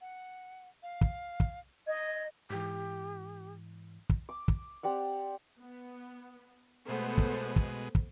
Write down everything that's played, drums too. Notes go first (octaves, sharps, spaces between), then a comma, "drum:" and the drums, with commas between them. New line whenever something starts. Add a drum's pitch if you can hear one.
F#5
F5
drum: kick
drum: kick
D#5 G#6
G#2 E3 G4
drum: kick
D6
drum: kick
C4 G4 D5 F#5
B3
B2 G#3 A3 B3 C5
drum: kick
drum: kick
drum: kick